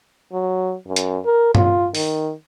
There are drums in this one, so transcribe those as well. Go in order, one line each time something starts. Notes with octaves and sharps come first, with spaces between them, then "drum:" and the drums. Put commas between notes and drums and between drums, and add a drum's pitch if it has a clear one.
F#3
F#2
drum: hi-hat
A#4
F4, drum: tom G2
D#3, drum: open hi-hat